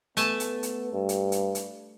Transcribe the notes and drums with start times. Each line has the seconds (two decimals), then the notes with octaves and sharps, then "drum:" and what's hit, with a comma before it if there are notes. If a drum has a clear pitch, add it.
0.17 A3 B3 G#5 A5, drum: hi-hat
0.40 drum: hi-hat
0.63 drum: hi-hat
0.92 G2
1.09 drum: hi-hat
1.32 drum: hi-hat
1.55 drum: hi-hat